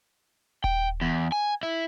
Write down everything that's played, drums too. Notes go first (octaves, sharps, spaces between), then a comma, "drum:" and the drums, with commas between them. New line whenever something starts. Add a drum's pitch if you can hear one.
G5, drum: kick D#1
E2
G#5
E4